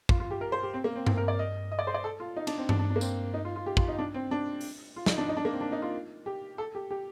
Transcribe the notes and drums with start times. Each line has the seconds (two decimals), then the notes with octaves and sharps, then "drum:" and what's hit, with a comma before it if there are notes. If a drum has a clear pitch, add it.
0.09 F4, drum: kick A1
0.20 F4
0.31 G4
0.41 A#4
0.52 C5
0.63 G4
0.74 C4
0.84 A#3
0.96 C4
1.07 C4, drum: tom G2
1.17 A#4
1.28 D5
1.39 D#5
1.72 D#5
1.79 D5
1.87 C5
1.94 D5
2.04 A4
2.20 F4
2.36 D#4
2.47 D4, drum: cymbal
2.58 C4
2.69 D4, drum: tom G2
2.79 D4
2.90 D4
2.96 A#3
3.01 C4, drum: tambourine
3.34 D#4
3.45 F4
3.56 F4
3.66 G4
3.77 F4, drum: kick A1
3.88 D#4
3.99 D4
4.14 C4
4.31 D4
4.61 drum: open hi-hat
4.96 F4
5.06 D#4, drum: snare
5.18 D4
5.29 D#4
5.37 D4
5.45 A#3
5.53 C4
5.61 D4
5.72 D#4
5.82 F4
6.26 G4
6.58 A4
6.75 G4
6.91 G4